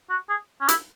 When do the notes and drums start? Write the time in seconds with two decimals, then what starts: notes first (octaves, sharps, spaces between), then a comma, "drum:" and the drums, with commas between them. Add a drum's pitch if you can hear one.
0.10 F#4
0.29 G#4
0.61 C#4
0.68 E4, drum: hi-hat